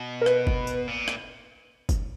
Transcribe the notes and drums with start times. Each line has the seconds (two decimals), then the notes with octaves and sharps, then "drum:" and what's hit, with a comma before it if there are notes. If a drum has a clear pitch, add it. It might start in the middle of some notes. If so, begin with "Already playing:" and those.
Already playing: B2
0.21 A#4
0.26 B4, drum: rim click
0.47 drum: kick F#1
0.67 drum: tambourine
0.87 A#2
1.08 drum: rim click
1.89 drum: kick F#1, tambourine